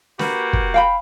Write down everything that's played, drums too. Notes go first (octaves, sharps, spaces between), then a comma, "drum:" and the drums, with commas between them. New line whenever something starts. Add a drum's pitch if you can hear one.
A#3 F#4 G4 B4, drum: snare
drum: kick
F5 G5 B5